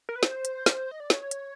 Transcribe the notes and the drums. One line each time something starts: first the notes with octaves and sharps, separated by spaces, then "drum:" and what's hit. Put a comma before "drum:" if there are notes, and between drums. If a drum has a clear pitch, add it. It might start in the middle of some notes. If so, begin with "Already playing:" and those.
A#4
B4
C5, drum: snare
drum: hi-hat
drum: snare
D#5
D5
C#5, drum: snare
drum: hi-hat